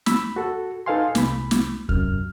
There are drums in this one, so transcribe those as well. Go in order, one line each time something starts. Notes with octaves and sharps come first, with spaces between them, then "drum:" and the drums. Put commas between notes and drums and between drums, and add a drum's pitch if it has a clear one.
B5 E6, drum: snare
F#4 A4
D#4 A4 B4 F5 G#5 C6
C2 B5, drum: snare
drum: snare
C2 F#2 F6, drum: kick